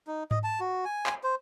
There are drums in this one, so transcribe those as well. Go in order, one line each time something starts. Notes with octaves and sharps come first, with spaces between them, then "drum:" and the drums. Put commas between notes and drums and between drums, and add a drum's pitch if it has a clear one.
D#4
D#5, drum: tom G#2
A5
F#4
G#5
drum: clap
C5